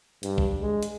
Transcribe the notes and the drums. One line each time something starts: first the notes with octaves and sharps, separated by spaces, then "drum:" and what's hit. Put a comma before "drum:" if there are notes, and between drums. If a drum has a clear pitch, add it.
G2, drum: hi-hat
drum: kick B1
G#3
drum: hi-hat